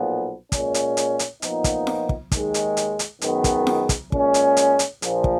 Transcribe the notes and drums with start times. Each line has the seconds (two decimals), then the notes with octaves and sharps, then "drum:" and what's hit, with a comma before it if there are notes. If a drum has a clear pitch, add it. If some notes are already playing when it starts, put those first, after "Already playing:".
Already playing: B1 A#2 F3 B3
0.52 A#2 G#3 C#4, drum: kick, hi-hat
0.74 drum: hi-hat
0.97 drum: hi-hat
1.19 drum: hi-hat
1.42 A#2 F3 B3 D#4, drum: hi-hat
1.64 drum: kick, hi-hat
1.87 drum: snare F4
2.09 drum: kick
2.32 D#2 D#3 G#3, drum: kick, hi-hat
2.54 drum: hi-hat
2.77 drum: hi-hat
2.99 drum: hi-hat
3.21 F#2 D#3 G#3 B3, drum: hi-hat
3.44 drum: kick, hi-hat
3.67 drum: snare F4
3.89 drum: kick, hi-hat
4.12 A#2 G#3 C#4, drum: kick
4.34 drum: hi-hat
4.57 drum: hi-hat
4.79 drum: hi-hat
5.02 A#1 A#2 F3, drum: hi-hat
5.24 drum: kick